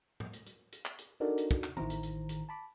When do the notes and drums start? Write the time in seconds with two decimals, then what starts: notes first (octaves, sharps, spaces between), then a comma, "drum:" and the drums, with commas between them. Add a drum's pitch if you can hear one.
0.20 drum: tom A2
0.33 drum: hi-hat
0.46 drum: hi-hat
0.72 drum: hi-hat
0.85 drum: clap
0.98 drum: hi-hat
1.20 D4 D#4 F#4 A4 A#4 D5
1.38 drum: hi-hat
1.51 drum: kick, hi-hat
1.64 drum: clap
1.77 A1 D#3 E4 C5 A#5, drum: tom
1.90 drum: hi-hat
2.03 drum: hi-hat
2.29 drum: hi-hat
2.49 A5 B5 D6